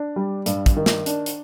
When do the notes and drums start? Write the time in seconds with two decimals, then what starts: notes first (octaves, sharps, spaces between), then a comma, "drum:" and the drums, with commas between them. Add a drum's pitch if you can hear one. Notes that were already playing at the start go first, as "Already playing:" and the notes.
Already playing: D4
0.16 G3
0.46 G2, drum: hi-hat
0.66 drum: kick, hi-hat
0.76 D#3
0.86 drum: snare
1.06 D4, drum: hi-hat
1.26 drum: hi-hat